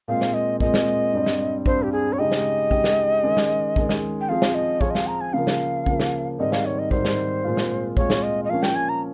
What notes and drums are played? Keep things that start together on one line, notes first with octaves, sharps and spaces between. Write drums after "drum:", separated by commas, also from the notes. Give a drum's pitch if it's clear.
A#2 G#3 C4 F5
drum: snare
D#5
A#2 G#3 C4 D#5, drum: kick
drum: snare
G2 G3 C4
drum: snare
G2 G3 C4 C5, drum: kick
G4
G#4
C#5
C#3 G#3 D#4 G4 D#5
drum: snare
C#3 G#3 D#4 G4, drum: kick
drum: snare
D#3 G#3 C#4
drum: snare
D#3 G#3 C#4, drum: kick
drum: snare
G5
F3 C4 F4 G#4 F5
drum: snare
D#5
F3 C4 F4 G#4 C#5, drum: kick
D#5
F5, drum: snare
A#5
G#5
C#3 F3 A#3 F5
drum: snare
C#3 F3 A#3, drum: kick
drum: snare
G#2 D#3 G3 C4 D#4 D#5
F5, drum: snare
C#5
D#5
G#2 D#3 G3 C4 D#4 C5, drum: kick
drum: snare
A#2 G#3 C4 F4
drum: snare
A#2 G#3 C4 F4 C#5, drum: kick
drum: snare
D#5
D#5
F3 A#3 C#4 F5
G5, drum: snare
G#5
A#5